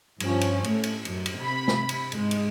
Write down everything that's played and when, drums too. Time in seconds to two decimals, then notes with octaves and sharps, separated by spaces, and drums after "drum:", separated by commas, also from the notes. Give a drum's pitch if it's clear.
0.20 G2 F3 C#4, drum: cymbal
0.41 drum: cymbal
0.64 A2 A3, drum: cymbal
0.83 drum: cymbal
1.05 F#2, drum: cymbal
1.26 drum: cymbal
1.39 C3 B5
1.68 drum: snare
1.89 drum: cymbal
2.12 G#2 G#3, drum: cymbal
2.31 drum: cymbal